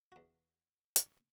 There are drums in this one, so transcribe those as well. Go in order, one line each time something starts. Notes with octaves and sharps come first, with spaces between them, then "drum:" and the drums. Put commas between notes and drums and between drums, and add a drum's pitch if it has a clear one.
E2 F#4
drum: hi-hat